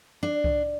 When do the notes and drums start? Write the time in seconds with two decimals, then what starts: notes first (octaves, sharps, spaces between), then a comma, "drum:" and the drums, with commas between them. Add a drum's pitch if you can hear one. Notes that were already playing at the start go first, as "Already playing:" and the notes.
0.23 D4
0.44 drum: kick C2